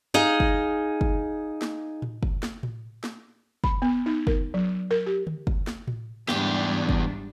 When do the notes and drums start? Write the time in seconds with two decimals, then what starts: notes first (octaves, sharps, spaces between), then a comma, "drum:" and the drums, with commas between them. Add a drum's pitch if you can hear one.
0.14 D#4 G#4 D#5 F5
0.40 drum: kick
1.01 drum: kick
1.62 drum: snare
2.02 drum: tom A2
2.23 drum: kick
2.43 drum: snare
2.63 drum: tom A2
3.04 drum: snare
3.64 B5, drum: kick
3.82 B3
4.06 D#4
4.27 A#4, drum: kick
4.54 F#3
4.91 A#4
5.06 G4
5.27 drum: tom D3
5.47 drum: kick
5.67 drum: snare
5.88 drum: tom A2
6.28 E2 G#2 G3 D4 G4, drum: snare
6.89 drum: kick